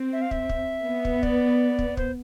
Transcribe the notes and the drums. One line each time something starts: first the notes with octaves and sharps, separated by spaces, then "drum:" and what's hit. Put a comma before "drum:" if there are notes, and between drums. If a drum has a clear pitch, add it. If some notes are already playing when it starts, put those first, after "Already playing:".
Already playing: C4
E5
F5
E5, drum: kick
drum: kick
B3
drum: kick
D5, drum: kick
drum: kick
C5, drum: kick